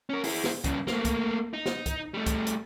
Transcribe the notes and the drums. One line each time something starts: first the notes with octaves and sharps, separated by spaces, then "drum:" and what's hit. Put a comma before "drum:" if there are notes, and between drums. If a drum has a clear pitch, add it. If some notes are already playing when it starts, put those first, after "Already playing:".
C#4 A#4
E4 G#4, drum: open hi-hat
drum: snare
G2 C#3, drum: kick C2, hi-hat
A3 A#3, drum: snare
drum: kick C2, hi-hat
D#4
drum: snare
drum: kick C2, hi-hat
G3 A3
drum: kick C2, hi-hat
drum: hi-hat